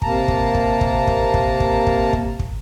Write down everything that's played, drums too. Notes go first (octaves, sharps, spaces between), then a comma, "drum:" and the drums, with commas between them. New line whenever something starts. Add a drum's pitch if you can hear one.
C3 A#3 A5 A#5, drum: kick
drum: kick
drum: kick
drum: kick
drum: kick
drum: kick
drum: kick
drum: kick
drum: kick
drum: kick